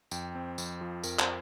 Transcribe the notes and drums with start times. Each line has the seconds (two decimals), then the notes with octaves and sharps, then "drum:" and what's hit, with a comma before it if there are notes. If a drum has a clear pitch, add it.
0.11 F2 G5, drum: tambourine
0.35 C4
0.58 F2, drum: tambourine
0.81 F3
1.04 F2 A#4, drum: tambourine
1.19 C5, drum: clap